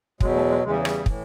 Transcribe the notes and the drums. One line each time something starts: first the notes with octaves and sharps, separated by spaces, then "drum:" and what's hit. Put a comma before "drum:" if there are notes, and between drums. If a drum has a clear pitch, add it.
E2 B2 F#3 G#3, drum: kick
A3
G#3
E2 C#3 E3 G#3
G3
F#3
G3, drum: rim click
A2 E3, drum: kick